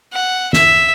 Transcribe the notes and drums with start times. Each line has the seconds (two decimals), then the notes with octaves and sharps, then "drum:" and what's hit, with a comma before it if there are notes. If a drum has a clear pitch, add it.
0.13 F#5
0.53 E5, drum: snare